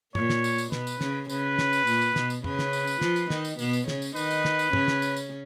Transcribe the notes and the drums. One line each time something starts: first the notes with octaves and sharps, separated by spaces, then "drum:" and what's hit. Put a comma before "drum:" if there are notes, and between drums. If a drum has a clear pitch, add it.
A#2 A#3 C#5, drum: tom
drum: snare
drum: tambourine
drum: tambourine
B2 B3 B4, drum: snare
drum: tambourine
C#3 C#4, drum: snare
C#3 C#4 B4, drum: tambourine
drum: snare
drum: tambourine
A#2 A#3, drum: tambourine
drum: tambourine
B2 B3, drum: snare
drum: tambourine
C#3 C#4 B4, drum: tom
drum: snare
drum: tambourine
drum: tambourine
F3 F4, drum: snare
drum: tambourine
D#3 D#4, drum: snare
drum: tambourine
B2 B3, drum: tambourine
drum: tambourine
C#3 C#4, drum: snare
drum: tambourine
D#3 D#4 B4, drum: tambourine
drum: tambourine
drum: snare
drum: tambourine
C#3 C#4, drum: tom
drum: snare
drum: tambourine
drum: tambourine